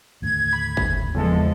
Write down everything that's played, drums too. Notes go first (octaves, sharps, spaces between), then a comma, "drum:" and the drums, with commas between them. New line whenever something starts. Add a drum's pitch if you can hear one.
D#2 A2 D3 G#6
B5
drum: kick F#1
E2 C#3 F3 F#3 G#3 A#3 A4